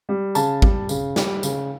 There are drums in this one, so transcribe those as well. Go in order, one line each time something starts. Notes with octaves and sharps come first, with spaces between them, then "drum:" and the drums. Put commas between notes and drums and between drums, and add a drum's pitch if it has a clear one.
G3
C#3 A5, drum: tambourine
G3, drum: kick G#1
C#3, drum: tambourine
G3, drum: snare
C#3, drum: tambourine